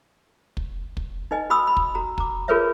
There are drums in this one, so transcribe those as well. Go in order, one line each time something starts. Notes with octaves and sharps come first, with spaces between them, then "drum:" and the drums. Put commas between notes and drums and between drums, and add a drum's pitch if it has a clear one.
drum: kick
drum: kick
D#4 B4 D#5 G#5
F#4 B5 C6 D#6 E6
B5
drum: kick
F#4 A#5
A#5 D6, drum: kick
F4 G#4 A#4 B4 C#5 E5